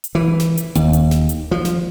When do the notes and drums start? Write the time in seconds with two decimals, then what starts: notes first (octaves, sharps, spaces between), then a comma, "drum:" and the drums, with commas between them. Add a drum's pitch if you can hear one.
0.04 drum: hi-hat
0.15 E3
0.40 drum: snare
0.57 drum: hi-hat
0.75 D#2, drum: kick D#1, hi-hat
0.93 drum: hi-hat
1.11 drum: snare
1.29 drum: hi-hat
1.51 F3
1.65 drum: snare